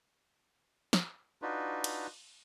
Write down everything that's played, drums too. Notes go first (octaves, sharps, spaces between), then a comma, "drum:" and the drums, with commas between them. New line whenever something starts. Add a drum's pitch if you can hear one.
drum: snare
D4 D#4 F4 F#4 B4
drum: cymbal